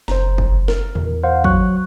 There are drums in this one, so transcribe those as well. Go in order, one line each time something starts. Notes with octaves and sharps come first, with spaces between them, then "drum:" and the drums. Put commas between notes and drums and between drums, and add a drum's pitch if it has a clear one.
F#1 C5 A#5, drum: snare
drum: kick
A#4, drum: snare
E2, drum: tom
C5 F5 F#5
F#3 C#6 F#6, drum: kick